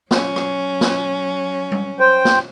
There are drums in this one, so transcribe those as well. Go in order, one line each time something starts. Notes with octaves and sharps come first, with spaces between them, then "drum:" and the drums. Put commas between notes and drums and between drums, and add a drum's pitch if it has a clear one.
F#3 C#4, drum: snare
drum: rim click
drum: snare
drum: tom G3
C5 G5
drum: snare